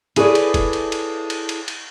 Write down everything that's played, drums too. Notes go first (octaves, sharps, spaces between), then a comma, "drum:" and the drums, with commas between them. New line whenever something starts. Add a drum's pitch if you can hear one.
E4 G#4 A4 B4 C#5 D5, drum: cymbal
drum: cymbal
drum: kick, cymbal
drum: cymbal
drum: cymbal
drum: cymbal
drum: cymbal
drum: cymbal